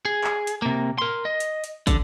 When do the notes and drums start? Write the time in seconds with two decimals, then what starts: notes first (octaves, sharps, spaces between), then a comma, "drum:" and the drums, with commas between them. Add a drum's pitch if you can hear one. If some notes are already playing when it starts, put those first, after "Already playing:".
0.05 G#4
0.24 drum: clap
0.47 drum: hi-hat
0.62 C3 A#3
0.98 A#4 C6
1.25 D#5
1.40 drum: hi-hat
1.64 drum: hi-hat
1.87 D3, drum: kick, hi-hat